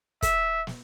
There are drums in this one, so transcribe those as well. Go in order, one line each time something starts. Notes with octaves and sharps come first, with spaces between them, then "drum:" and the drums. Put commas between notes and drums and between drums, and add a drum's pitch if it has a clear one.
E5, drum: kick, hi-hat
drum: snare